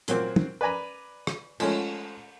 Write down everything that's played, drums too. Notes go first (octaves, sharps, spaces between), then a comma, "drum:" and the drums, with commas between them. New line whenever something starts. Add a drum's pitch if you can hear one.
A#2 F#3 A#3 C4, drum: hi-hat
drum: tom
B4 D5 G#5 A#5 B5
drum: rim click
F3 G#3 A3 C#4, drum: cymbal